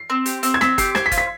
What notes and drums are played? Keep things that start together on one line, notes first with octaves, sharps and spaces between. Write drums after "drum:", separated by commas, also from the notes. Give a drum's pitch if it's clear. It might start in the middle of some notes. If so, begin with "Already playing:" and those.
Already playing: C7
C4
G4, drum: hi-hat
C4, drum: hi-hat
G#6
C4 B6, drum: snare
G4 C7, drum: kick, hi-hat
C5 G#6, drum: snare
B6
F4, drum: kick, hi-hat
B6